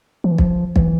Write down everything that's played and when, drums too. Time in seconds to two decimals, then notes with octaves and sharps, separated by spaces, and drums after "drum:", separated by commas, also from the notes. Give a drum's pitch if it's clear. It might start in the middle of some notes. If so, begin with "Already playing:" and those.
0.24 F3
0.32 E3
0.38 F3, drum: kick
0.76 E3, drum: kick